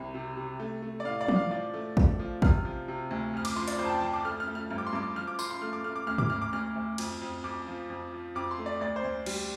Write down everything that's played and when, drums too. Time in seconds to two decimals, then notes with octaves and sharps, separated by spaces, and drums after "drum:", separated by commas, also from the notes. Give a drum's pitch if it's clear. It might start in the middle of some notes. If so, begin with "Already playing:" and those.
Already playing: C2 C3
0.14 C3
0.37 C3
0.60 A3
0.82 A3
1.00 D5
1.05 A2 F5
1.21 D5
1.28 A2, drum: tom
1.36 F5
1.51 F3 D5
1.74 A3
1.97 A3, drum: kick
2.19 F3
2.42 C3 F6, drum: kick
2.65 F3
2.88 C3
3.11 D2
3.33 F2 F6
3.45 D6, drum: cymbal
3.56 F3 C6
3.68 D5, drum: hi-hat
3.79 F2 C5
3.85 A5
3.90 G5
4.02 F3 A5
4.13 D6
4.24 A3 F6
4.40 F6
4.47 A3
4.55 F6
4.70 G2 F6
4.78 D6
4.87 C6
4.93 G2 D6
5.16 F3 F6
5.27 D6
5.39 F3 C6, drum: tambourine
5.51 C6
5.62 A3 F6
5.73 D6
5.84 A3 F6
5.96 D6
6.07 D2 F6
6.18 D6, drum: tom
6.30 D2 F6
6.42 D6
6.53 D2 F6
6.76 D2
6.98 F2, drum: cymbal
7.22 F2
7.44 F2 D6
7.67 F3
7.90 F2
8.12 F3
8.35 F2 D6
8.51 C6
8.58 A3
8.66 D5
8.81 D2 D5
8.96 C5
9.04 D2
9.26 G3, drum: cymbal